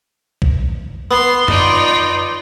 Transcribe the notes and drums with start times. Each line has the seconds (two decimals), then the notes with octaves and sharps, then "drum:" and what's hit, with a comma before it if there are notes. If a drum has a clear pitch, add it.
0.42 drum: kick B1
1.11 B3 C6
1.48 D#4 F4 D5, drum: tom F#2